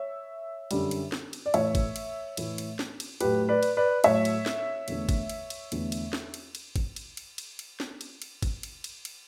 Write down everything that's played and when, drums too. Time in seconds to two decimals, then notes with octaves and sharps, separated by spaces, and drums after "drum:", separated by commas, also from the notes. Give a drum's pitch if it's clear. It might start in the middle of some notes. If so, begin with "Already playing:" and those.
Already playing: C#5 E5
0.71 F#2 D3 G3, drum: cymbal
0.91 drum: cymbal
1.12 drum: snare
1.33 drum: cymbal
1.46 D5
1.54 A2 E3 A3 C#5 E5, drum: cymbal
1.75 drum: kick, cymbal
1.96 drum: cymbal
2.37 A2 E3 A3, drum: cymbal
2.58 drum: cymbal
2.79 drum: snare
3.00 drum: cymbal
3.21 A2 F#3 A3 G4 B4, drum: cymbal
3.49 B4 D5
3.63 drum: cymbal
3.77 B4 D5
4.04 A2 F#3 A3 C#5 E5, drum: cymbal
4.25 drum: cymbal
4.46 drum: snare
4.88 E2 D3 A3, drum: cymbal
5.09 drum: kick, cymbal
5.30 drum: cymbal
5.50 drum: cymbal
5.72 E2 D3 A3, drum: cymbal
5.92 drum: cymbal
6.13 drum: snare
6.34 drum: cymbal
6.55 drum: cymbal
6.76 drum: kick, cymbal
6.96 drum: cymbal
7.17 drum: cymbal
7.38 drum: cymbal
7.59 drum: cymbal
7.80 drum: snare
8.01 drum: cymbal
8.22 drum: cymbal
8.42 drum: kick, cymbal
8.63 drum: cymbal
8.84 drum: cymbal
9.05 drum: cymbal